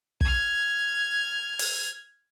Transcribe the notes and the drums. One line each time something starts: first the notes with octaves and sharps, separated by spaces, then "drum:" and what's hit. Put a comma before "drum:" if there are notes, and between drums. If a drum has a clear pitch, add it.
F6 G#6, drum: kick
drum: open hi-hat